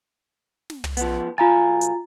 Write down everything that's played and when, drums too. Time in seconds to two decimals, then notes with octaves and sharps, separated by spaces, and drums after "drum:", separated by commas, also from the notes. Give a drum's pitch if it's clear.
0.70 drum: snare
0.84 drum: tom
0.97 F3 B3, drum: hi-hat
1.38 B1 F4 F5 G#5 A#5 A6
1.81 drum: hi-hat